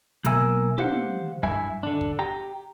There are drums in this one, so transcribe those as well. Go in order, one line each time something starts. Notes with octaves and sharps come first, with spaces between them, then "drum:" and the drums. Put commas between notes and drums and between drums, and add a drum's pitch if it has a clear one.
B1 B2 A#3 A#4 E5 G#5, drum: hi-hat
G4 C5 F5 F#5, drum: tom
G2 E4 E5 G#5, drum: snare
D3 D4
drum: kick
G4 G5 A#5